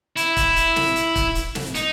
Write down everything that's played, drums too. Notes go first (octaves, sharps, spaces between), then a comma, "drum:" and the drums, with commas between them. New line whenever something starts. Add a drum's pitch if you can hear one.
E4, drum: hi-hat
drum: kick, hi-hat
drum: hi-hat
drum: snare
drum: hi-hat
drum: kick, hi-hat
drum: hi-hat
drum: snare
D#4, drum: hi-hat